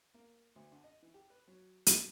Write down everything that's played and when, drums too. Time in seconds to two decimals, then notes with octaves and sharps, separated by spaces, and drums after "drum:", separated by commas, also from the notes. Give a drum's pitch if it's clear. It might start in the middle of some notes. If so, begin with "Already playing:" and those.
0.14 A#3
0.56 D2
0.72 D3
0.84 D#5
1.02 E3
1.14 G4
1.30 B4
1.48 F#3
1.86 G2, drum: hi-hat